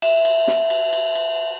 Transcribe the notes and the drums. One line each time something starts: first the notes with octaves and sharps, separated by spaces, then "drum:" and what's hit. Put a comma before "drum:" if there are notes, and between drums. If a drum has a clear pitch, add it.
E5, drum: cymbal
drum: cymbal
drum: snare
drum: cymbal
drum: cymbal
drum: cymbal